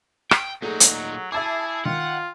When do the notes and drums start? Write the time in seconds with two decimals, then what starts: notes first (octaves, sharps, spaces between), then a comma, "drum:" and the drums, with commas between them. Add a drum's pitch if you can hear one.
0.31 G5, drum: rim click
0.62 A#2 F#3 A3 D#4 G#4
0.80 drum: hi-hat
1.32 E4 G#4 E5 A5 D6
1.85 D#3 F4 F#5